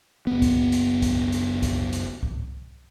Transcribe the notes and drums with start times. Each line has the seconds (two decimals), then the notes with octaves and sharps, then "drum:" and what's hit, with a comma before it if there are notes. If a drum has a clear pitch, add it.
0.27 F#1 B3
0.42 drum: kick C2, hi-hat
0.72 drum: hi-hat
1.02 drum: kick C2, hi-hat
1.32 drum: hi-hat
1.62 drum: kick C2, hi-hat
1.93 drum: hi-hat
2.23 drum: kick C2